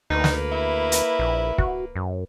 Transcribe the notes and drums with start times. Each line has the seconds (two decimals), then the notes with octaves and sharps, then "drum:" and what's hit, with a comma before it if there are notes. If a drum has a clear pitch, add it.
0.10 D2 A#3 D#4 B4
0.24 drum: snare
0.52 E4
0.92 drum: hi-hat
1.19 A#1
1.58 F#4, drum: kick
1.96 F#2